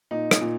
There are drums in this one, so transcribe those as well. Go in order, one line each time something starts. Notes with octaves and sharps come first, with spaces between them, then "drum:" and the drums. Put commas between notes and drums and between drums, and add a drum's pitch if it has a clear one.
A#2 D#4
drum: rim click
A#2